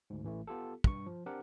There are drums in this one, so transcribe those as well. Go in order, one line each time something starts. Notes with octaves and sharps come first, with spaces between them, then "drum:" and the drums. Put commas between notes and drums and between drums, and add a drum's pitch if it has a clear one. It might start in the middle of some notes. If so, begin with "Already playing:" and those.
D2 G#2
A1 E3 A3
B3 F4 G4 A4
G2 C#6, drum: kick
F3
C4 D4 G4 A#4 F#5